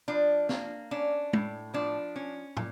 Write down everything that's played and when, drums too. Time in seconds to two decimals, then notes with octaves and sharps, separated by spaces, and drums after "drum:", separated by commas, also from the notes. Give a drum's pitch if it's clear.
0.08 F3 D4
0.49 A#3, drum: snare
0.91 C#4 D4
1.33 A2, drum: tom
1.74 F3 D4
2.16 C#4
2.57 A#2, drum: tom